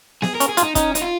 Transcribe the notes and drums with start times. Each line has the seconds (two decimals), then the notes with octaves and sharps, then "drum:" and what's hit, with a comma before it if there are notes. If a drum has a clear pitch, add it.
0.22 G#4, drum: snare B3
0.35 A#4
0.40 C#4, drum: hi-hat
0.49 G#4
0.57 F4, drum: hi-hat
0.62 D#4
0.75 C#4 D#4, drum: kick, hi-hat
0.95 D#4, drum: hi-hat
1.02 F4